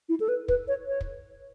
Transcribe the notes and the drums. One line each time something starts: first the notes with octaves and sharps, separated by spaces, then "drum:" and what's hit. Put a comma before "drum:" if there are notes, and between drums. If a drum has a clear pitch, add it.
E4
A4
B4
B4, drum: kick
C#5
C#5
drum: kick